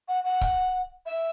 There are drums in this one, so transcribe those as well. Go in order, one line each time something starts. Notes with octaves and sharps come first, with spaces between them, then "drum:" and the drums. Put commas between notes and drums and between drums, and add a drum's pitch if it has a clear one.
F#5
F#5
drum: kick C#1
E5